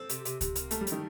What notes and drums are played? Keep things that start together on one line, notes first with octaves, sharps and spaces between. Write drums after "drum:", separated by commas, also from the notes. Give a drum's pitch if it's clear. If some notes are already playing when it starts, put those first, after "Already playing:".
Already playing: C4 A4
C3, drum: hi-hat
C3, drum: hi-hat
C3, drum: kick C#2, hi-hat
A#3, drum: hi-hat
A3 A#4, drum: hi-hat
G3
A#4, drum: hi-hat
D#3